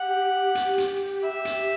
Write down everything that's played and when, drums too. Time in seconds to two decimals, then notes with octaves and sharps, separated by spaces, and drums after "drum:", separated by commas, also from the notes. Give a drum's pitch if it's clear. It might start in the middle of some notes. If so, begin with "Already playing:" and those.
Already playing: G4 F#5
0.22 G4
0.55 G4, drum: hi-hat
0.78 drum: hi-hat
1.23 E5
1.45 drum: hi-hat